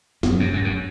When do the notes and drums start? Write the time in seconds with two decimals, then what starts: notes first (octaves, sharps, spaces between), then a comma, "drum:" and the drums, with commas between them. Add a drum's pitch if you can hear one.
0.23 F#2, drum: snare
0.40 F#2
0.53 F#2
0.64 F#2